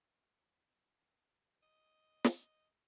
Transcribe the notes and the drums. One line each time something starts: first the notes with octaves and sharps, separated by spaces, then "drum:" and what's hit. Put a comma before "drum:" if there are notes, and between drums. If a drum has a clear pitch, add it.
D#5
drum: snare